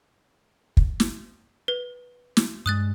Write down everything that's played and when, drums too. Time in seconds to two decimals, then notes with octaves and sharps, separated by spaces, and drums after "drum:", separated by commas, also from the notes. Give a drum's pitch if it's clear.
0.77 drum: kick
1.00 drum: snare
1.68 B4
2.37 drum: snare
2.66 G2 G#3 D#6 F#6 A6